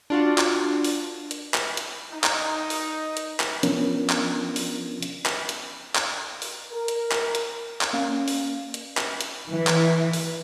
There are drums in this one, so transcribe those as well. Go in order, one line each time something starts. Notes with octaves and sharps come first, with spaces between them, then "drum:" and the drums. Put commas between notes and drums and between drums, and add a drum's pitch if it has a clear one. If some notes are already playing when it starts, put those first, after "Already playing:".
D4 F4 F#4
drum: clap
drum: open hi-hat
drum: hi-hat
drum: clap
drum: hi-hat
D#4
drum: clap
drum: open hi-hat
drum: hi-hat
drum: clap
F3 B3 C#4 D4 F4 A#4, drum: hi-hat
drum: clap
drum: open hi-hat
drum: hi-hat
drum: clap
drum: hi-hat
drum: clap
drum: open hi-hat
A#4
drum: hi-hat
drum: clap
drum: hi-hat
drum: clap
A#3 C#4 F5
drum: open hi-hat
drum: hi-hat
drum: clap
drum: hi-hat
E3
drum: clap
drum: open hi-hat